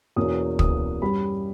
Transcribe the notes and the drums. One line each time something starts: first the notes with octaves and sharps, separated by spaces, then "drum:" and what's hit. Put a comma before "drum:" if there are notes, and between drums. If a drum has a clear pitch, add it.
E2 B2 A#3 C#4 D#6
D#6, drum: kick
G2 G3 C#4 B5